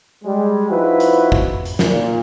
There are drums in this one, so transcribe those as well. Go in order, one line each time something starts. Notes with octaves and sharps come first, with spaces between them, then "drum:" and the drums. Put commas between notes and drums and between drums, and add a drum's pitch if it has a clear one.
G3 G#3
F3 D#4 E4 F#4 B4
drum: hi-hat
drum: kick
drum: hi-hat
A#2, drum: snare